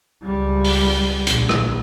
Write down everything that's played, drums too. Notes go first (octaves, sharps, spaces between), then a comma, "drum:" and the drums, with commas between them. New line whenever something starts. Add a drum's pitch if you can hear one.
C#2 G3
drum: open hi-hat
A#1, drum: hi-hat
drum: rim click